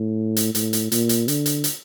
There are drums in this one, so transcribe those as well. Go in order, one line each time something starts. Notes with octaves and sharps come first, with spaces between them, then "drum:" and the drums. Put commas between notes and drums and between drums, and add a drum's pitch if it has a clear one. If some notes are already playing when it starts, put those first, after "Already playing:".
Already playing: A2
drum: hi-hat
A2, drum: hi-hat
drum: hi-hat
A#2, drum: hi-hat
drum: hi-hat
D3, drum: hi-hat
drum: hi-hat
drum: hi-hat